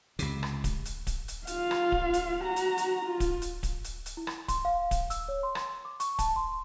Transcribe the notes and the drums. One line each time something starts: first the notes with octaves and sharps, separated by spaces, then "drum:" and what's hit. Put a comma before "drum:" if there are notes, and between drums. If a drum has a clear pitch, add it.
C#2 C3, drum: hi-hat
drum: rim click
drum: kick D1, hi-hat
drum: hi-hat
drum: kick D1, hi-hat
drum: hi-hat
F4 F5, drum: hi-hat
drum: rim click
drum: kick D1
drum: hi-hat
F#4 A#5
drum: hi-hat
drum: hi-hat
F4
drum: kick D1, hi-hat
drum: hi-hat
drum: kick D1, hi-hat
drum: hi-hat
drum: hi-hat
E4
drum: rim click
C6, drum: kick D1, hi-hat
F5
drum: kick D1, hi-hat
E6, drum: hi-hat
C#5
C6
drum: rim click
D6
C#6, drum: hi-hat
A5, drum: kick D1, hi-hat
C6